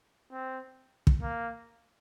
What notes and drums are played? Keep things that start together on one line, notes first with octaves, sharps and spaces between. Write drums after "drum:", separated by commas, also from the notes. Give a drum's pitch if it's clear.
C4
drum: kick
A#3